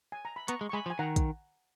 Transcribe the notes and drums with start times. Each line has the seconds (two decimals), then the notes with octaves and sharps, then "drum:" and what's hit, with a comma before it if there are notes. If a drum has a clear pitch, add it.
0.12 G#5
0.25 A#5
0.36 B5
0.48 B3 A#5 C#6, drum: hi-hat
0.61 G#3
0.69 C#6
0.73 G#3 G#5 B5
0.86 F3
0.90 G#5
0.99 D#3 F#5 A#5
1.16 drum: kick, hi-hat